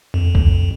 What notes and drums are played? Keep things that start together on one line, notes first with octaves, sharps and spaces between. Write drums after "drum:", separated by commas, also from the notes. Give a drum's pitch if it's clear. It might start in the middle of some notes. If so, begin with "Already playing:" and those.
F2
drum: kick B1